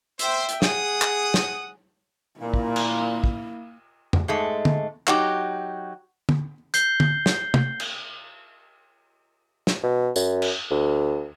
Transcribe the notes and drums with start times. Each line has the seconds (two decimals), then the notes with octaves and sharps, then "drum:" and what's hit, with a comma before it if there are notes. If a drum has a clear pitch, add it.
0.19 C5 E5 G5, drum: hi-hat
0.49 drum: hi-hat
0.62 G#4 F#5 D#6, drum: snare
1.02 drum: clap
1.34 drum: snare
2.41 A#2 A#3 E4
2.54 drum: kick
2.76 drum: cymbal
3.24 drum: kick
4.13 drum: tom
4.28 G#2 G#3 A3
4.65 drum: tom
5.07 F#3 D#4 F#4 G4, drum: clap
6.29 drum: tom
6.74 G6 C7 G7, drum: hi-hat
7.00 drum: tom
7.26 drum: snare
7.54 drum: tom
7.80 drum: cymbal
9.67 drum: snare
9.83 B2
10.16 F#2, drum: tambourine
10.42 drum: cymbal
10.70 D2